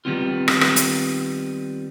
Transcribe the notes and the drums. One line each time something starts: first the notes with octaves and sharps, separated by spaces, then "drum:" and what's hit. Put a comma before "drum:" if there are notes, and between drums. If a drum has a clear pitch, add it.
D#3 G3 G#3 B3 C4 F4
drum: rim click
drum: rim click
drum: hi-hat